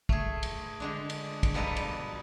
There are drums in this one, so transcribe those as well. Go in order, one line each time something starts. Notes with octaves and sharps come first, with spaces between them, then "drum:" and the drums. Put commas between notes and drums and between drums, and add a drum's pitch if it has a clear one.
A3 G#4, drum: kick
drum: cymbal
D3 G#3 D4
drum: cymbal
drum: kick, cymbal
B2 F3 G3 D#4 A4 B4
drum: cymbal